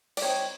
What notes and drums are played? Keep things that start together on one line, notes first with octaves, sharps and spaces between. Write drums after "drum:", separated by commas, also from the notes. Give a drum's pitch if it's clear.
D5, drum: cymbal
G3 C4 D#4 C#5